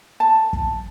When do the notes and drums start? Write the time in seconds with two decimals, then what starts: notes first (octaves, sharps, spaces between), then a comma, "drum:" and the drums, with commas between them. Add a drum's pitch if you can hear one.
0.20 A5
0.53 drum: kick